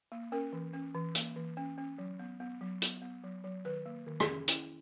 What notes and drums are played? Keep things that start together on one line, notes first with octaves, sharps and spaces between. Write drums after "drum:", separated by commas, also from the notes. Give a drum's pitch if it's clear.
A#3
C#4 A#4
E3
C#4
E3
A#3, drum: hi-hat
E3
C#4
C#4
F#3
B3
B3
F#3
B3, drum: hi-hat
B3
F#3
F#3
D#3 B4
A#3
D#3
G#4, drum: rim click
C#4
C#4 E4, drum: hi-hat